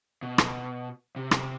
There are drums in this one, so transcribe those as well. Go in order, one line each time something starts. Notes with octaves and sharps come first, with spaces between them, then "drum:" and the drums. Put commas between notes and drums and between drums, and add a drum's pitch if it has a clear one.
B2
drum: rim click
C3
drum: rim click